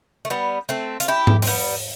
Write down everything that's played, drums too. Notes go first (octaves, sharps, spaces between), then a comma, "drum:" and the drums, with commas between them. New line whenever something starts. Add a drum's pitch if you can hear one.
A3
G3 B3
A3 C4
F4, drum: hi-hat
E4 G4
drum: tom G#2
C4, drum: open hi-hat
G3 B3